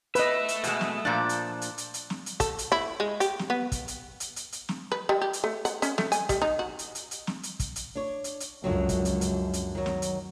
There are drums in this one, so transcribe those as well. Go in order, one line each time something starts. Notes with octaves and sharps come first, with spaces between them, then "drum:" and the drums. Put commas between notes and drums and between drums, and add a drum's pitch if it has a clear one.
A3 B4 D#5 E5, drum: hi-hat
drum: hi-hat
B2 G#3, drum: hi-hat
drum: snare
A#2 F3 D4
drum: hi-hat
drum: hi-hat
drum: hi-hat
drum: hi-hat
drum: snare
drum: hi-hat
A4, drum: kick, hi-hat
drum: hi-hat
E4
G#3
G4, drum: hi-hat
drum: snare
B3
drum: kick, hi-hat
drum: hi-hat
drum: hi-hat
drum: hi-hat
drum: hi-hat
drum: snare
B4
G3
G4
drum: hi-hat
A3
F#5, drum: hi-hat
C#4, drum: hi-hat
A3, drum: snare
G#5, drum: hi-hat
G3, drum: kick, hi-hat
D#4
F#4
drum: hi-hat
drum: hi-hat
drum: hi-hat
drum: snare
drum: hi-hat
drum: kick, hi-hat
drum: hi-hat
D4 C#5
drum: hi-hat
drum: hi-hat
C#2 F#2 D3 F3 F#3
drum: kick, hi-hat
drum: hi-hat
drum: hi-hat
drum: hi-hat
D#3 F#3
drum: snare
drum: hi-hat